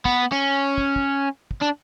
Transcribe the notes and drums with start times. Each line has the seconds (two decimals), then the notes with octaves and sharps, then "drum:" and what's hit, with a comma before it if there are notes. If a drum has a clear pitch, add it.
0.05 B3, drum: kick
0.32 C#4
0.78 drum: kick
0.96 drum: kick
1.51 drum: kick
1.62 D4